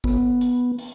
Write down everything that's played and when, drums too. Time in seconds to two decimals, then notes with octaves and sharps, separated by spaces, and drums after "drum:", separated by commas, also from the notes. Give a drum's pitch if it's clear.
0.04 B3, drum: kick G1
0.41 drum: hi-hat
0.79 drum: open hi-hat